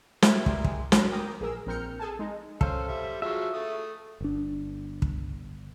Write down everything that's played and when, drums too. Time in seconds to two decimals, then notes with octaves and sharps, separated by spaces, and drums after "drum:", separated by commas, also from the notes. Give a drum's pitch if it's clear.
0.22 A3 E4 G4, drum: snare
0.46 G3 C4 A#4 C6, drum: kick
0.64 G#3, drum: kick
0.92 F#3 D4 B5 C6 A#6, drum: snare
1.11 A#4 G5 A#5 D6 D#6
1.40 A#1 G#4 A#4 E6
1.66 A#1 C4 A#4 F6 G6 C#7
2.00 G#4 A4 G#5 A5
2.19 G#3 D#4
2.61 C#4 A4 C5 F5, drum: kick
2.88 G3 E5
3.22 F3 F#3 G#3 E5 C#6
3.54 A3 A4 D#6
4.21 G1 D4
5.02 drum: kick